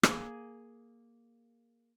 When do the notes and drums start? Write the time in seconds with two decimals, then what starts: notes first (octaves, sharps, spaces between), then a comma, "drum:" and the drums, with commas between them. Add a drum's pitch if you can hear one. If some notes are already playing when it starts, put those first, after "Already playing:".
0.03 A#3 G#4, drum: rim click